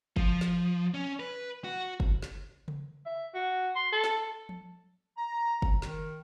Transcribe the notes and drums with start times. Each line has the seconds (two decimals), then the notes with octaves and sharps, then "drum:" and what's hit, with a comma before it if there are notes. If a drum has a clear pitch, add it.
0.16 F3, drum: kick F#1
0.41 drum: snare
0.94 C#4
1.20 B4
1.64 F#4
2.00 drum: kick F#1
2.23 drum: snare
2.68 drum: tom C#3
3.06 E5
3.35 F#4
3.76 C6
3.92 A4
4.04 drum: snare
4.49 drum: tom
5.17 A#5
5.62 drum: kick F#1
5.82 D#3, drum: snare